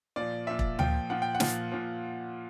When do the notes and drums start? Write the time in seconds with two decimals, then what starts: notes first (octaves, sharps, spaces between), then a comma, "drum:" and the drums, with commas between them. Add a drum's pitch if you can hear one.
0.16 A#2 F3 D5
0.47 A#2 F3 E5
0.59 drum: kick E1
0.79 A#2 F3 G5, drum: tom D2
1.10 A#2 F3 F#5
1.22 G5
1.35 F#5
1.40 A#2 F3, drum: snare
1.72 A#2 F3